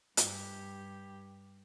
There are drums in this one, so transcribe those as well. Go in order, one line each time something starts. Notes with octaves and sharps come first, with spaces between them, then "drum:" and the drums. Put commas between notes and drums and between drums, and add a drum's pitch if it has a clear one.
G2 G4, drum: hi-hat